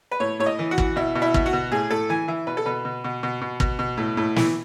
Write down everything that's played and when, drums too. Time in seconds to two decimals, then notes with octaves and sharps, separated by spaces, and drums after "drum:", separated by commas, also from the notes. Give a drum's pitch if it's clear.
0.11 B4
0.20 A2 C#5
0.39 A2 C#5
0.46 D#5
0.59 E3
0.71 F#4
0.78 E3, drum: kick
0.96 B2 E4
1.15 B2
1.22 E4
1.34 B2, drum: kick
1.46 F#4
1.53 B2
1.71 A2 G#4
1.90 A2 A4
2.09 E3 G#5
2.28 E3 E5
2.47 B2 B4
2.57 A4
2.66 B2 B4
2.85 B2
3.04 B2
3.23 B2
3.41 B2
3.60 B2, drum: kick
3.79 B2
3.97 A2
4.17 A2
4.36 E3, drum: snare